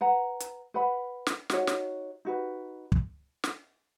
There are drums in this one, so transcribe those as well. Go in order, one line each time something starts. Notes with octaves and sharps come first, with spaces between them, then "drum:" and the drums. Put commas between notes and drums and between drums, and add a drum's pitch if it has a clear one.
B4 F#5 A#5
drum: hi-hat
B4 F#5 B5
drum: snare
D#4 F#4 C#5, drum: snare
drum: snare
D#4 F#4 B4
drum: kick
drum: snare